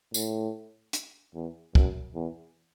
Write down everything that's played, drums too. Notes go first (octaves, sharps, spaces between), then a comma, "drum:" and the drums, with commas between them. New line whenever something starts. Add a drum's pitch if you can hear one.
A2, drum: tambourine
drum: hi-hat
E2
F#2, drum: kick
E2